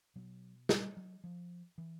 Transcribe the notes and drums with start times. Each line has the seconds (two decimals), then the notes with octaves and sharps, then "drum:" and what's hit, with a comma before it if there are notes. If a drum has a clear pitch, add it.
0.16 B2 F#3
0.69 G3, drum: snare
0.97 F#3
1.24 F3
1.78 E3